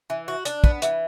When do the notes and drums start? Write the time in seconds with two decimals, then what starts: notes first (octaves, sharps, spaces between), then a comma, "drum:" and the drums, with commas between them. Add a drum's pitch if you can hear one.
0.10 E3
0.28 F#4
0.45 D4, drum: hi-hat
0.64 B3, drum: kick
0.82 E3, drum: hi-hat